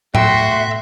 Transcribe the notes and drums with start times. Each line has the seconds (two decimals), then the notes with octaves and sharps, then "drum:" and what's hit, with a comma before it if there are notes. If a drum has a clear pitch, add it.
0.15 A3 F#4 E5 G5 C6, drum: tom A2